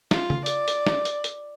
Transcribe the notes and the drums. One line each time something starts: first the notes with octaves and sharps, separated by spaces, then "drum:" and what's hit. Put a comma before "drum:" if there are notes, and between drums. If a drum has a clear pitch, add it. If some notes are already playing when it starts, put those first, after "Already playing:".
F4, drum: snare
drum: tom C#3
D5, drum: hi-hat
drum: hi-hat
drum: snare
drum: hi-hat
drum: hi-hat